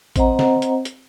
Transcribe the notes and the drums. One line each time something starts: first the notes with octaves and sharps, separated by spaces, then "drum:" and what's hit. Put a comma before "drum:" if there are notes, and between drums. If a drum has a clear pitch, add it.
C4 C5 D#5 F#5 A#5, drum: kick, hi-hat
drum: snare
drum: hi-hat
drum: hi-hat